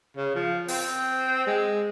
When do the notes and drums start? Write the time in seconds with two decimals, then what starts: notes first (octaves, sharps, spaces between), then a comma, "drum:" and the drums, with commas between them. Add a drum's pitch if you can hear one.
0.17 C#3
0.36 F3
0.68 C4, drum: open hi-hat
1.47 G#3